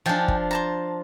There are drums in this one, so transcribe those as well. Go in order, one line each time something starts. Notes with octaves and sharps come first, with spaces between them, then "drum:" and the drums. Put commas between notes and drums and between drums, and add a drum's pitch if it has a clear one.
F3 D4 D#4 G5 G#5
drum: kick
C5 A5 A#5